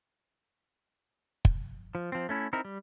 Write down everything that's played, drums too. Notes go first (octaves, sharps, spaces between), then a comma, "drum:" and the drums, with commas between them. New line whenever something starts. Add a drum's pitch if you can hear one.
drum: kick
F3
F3 C4
A3 C#4 E4
C4 D#4 E4 A#4
G3